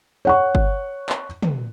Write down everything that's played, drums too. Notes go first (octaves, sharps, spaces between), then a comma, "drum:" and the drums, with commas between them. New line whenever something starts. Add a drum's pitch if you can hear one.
C#5 F#5 C#6
drum: kick G1
drum: clap
drum: tom